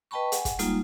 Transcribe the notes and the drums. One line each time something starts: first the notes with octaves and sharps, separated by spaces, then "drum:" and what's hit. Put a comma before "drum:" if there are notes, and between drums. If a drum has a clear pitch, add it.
B4 D#5 G5 A5 B5 C#6
F#5 G#5, drum: hi-hat
drum: kick, hi-hat
G3 G#3 A#3 D#4 F4, drum: hi-hat